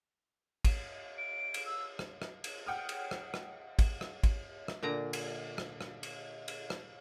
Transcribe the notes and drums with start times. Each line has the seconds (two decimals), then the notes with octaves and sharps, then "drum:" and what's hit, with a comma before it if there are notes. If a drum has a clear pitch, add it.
0.65 drum: kick, cymbal
1.18 D7
1.54 drum: cymbal
1.66 E6
1.99 drum: rim click
2.22 drum: rim click
2.44 drum: cymbal
2.66 F#5 G5 D#6 F6
2.89 drum: cymbal
3.11 drum: rim click
3.34 drum: rim click
3.79 drum: kick, cymbal
4.01 drum: rim click
4.24 drum: kick, cymbal
4.68 drum: rim click
4.83 A#2 D3 A#5
5.13 drum: cymbal
5.58 drum: rim click
5.81 drum: rim click
6.03 drum: cymbal
6.48 drum: cymbal
6.70 drum: rim click